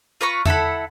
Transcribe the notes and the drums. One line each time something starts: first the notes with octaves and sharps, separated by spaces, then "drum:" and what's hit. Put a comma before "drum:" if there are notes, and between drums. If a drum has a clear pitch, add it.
F4 B4 A#5 C#6
E4 A4 F#5 B5, drum: tom E2